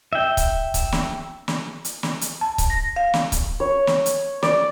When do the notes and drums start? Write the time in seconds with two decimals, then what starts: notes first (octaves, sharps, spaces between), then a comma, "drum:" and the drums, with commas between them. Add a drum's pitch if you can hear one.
0.13 E5 G5
0.37 drum: kick C#1, hi-hat
0.74 drum: kick C#1, hi-hat
0.92 drum: snare
1.48 drum: snare
1.85 drum: hi-hat
2.03 drum: snare
2.21 drum: hi-hat
2.41 A5
2.58 drum: kick C#1, hi-hat
2.70 A#6
2.96 F5
3.14 drum: snare
3.32 drum: kick C#1, hi-hat
3.60 C#5
3.87 drum: snare
4.06 drum: hi-hat
4.43 D5, drum: snare